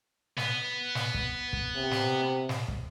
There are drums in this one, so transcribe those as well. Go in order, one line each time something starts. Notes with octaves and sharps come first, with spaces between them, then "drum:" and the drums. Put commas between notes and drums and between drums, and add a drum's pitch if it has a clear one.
B3, drum: snare
drum: snare
drum: kick
drum: kick
C3
drum: snare
drum: snare
drum: kick